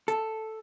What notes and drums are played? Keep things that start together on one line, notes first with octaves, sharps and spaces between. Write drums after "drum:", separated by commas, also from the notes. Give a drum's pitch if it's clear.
A4, drum: hi-hat